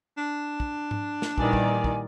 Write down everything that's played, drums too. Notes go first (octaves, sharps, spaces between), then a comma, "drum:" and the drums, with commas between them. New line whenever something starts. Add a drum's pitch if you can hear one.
D4
drum: kick
drum: tom G#2
drum: snare
A#2 D#3 E3 G3 D5 G#5, drum: kick
drum: kick
drum: kick